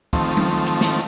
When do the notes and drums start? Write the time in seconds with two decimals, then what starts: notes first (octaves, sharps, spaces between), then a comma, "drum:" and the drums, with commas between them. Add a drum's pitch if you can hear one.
0.13 D#3 F3 A3 C4, drum: kick
0.37 drum: tom F#3
0.66 drum: hi-hat
0.81 drum: snare